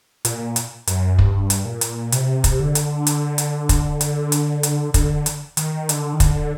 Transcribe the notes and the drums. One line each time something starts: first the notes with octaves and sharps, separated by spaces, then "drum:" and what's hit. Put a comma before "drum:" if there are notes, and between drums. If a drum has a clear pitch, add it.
A#2, drum: hi-hat
drum: hi-hat
F#2, drum: hi-hat
G2, drum: kick
drum: hi-hat
A#2
drum: hi-hat
C3, drum: hi-hat
drum: kick, hi-hat
D3
drum: hi-hat
drum: hi-hat
drum: hi-hat
drum: kick, hi-hat
drum: hi-hat
drum: hi-hat
drum: hi-hat
D3, drum: kick, hi-hat
drum: hi-hat
D#3, drum: hi-hat
D3, drum: hi-hat
D#3
D3, drum: kick, hi-hat